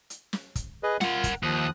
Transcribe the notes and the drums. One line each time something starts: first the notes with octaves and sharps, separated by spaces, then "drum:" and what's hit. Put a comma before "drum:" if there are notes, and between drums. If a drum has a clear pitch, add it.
drum: hi-hat
drum: snare
drum: kick, hi-hat
G#4 B4 D#5
F4 A#4 F#5, drum: snare
drum: kick, hi-hat
D#2 F3 D#6 F#6